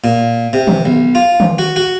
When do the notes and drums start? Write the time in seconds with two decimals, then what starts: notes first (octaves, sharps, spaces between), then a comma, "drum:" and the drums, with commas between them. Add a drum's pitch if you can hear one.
0.04 A#2
0.53 C3
0.67 drum: tom D#3
0.85 B1
1.15 F4
1.40 drum: tom D#3
1.58 F#4
1.76 F#4